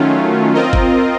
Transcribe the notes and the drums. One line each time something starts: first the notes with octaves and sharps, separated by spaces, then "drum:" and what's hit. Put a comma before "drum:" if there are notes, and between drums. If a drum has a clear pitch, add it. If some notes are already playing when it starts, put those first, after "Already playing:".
Already playing: D#3 F#3 A3 C#4 F4
C4 F4 A#4 D#5
drum: kick G1